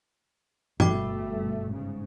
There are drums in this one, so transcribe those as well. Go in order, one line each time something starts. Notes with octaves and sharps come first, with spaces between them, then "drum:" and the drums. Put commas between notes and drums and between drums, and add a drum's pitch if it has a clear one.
G1 B2 A3 F#4 G5 D6, drum: tom G2
G#2 C#3